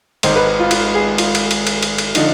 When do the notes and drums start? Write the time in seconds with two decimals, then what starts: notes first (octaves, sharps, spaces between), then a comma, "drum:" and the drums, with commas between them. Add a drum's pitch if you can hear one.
0.23 G#1 G#2 D#3 C5, drum: cymbal
0.36 B4
0.60 F4
0.71 F4, drum: cymbal
0.95 G#4
1.18 F4, drum: cymbal
1.35 drum: cymbal
1.51 drum: cymbal
1.67 drum: cymbal
1.83 drum: cymbal
1.98 drum: cymbal
2.15 D3 F3 D#4, drum: cymbal